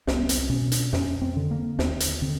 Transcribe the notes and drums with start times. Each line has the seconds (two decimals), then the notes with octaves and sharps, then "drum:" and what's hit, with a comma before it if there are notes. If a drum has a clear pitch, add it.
0.07 C2 B3, drum: snare
0.24 C#4
0.29 C4, drum: hi-hat
0.49 B2 C#4
0.72 D4, drum: hi-hat
0.93 F2 C#4, drum: snare
1.22 C4
1.37 D3
1.51 A#3
1.79 D#2 C4, drum: snare
2.00 drum: hi-hat
2.22 D3 C4